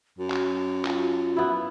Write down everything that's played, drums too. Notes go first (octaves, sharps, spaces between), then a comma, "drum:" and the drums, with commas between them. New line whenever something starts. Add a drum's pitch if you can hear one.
F#2 F#4
drum: clap
F4, drum: clap
B3 E4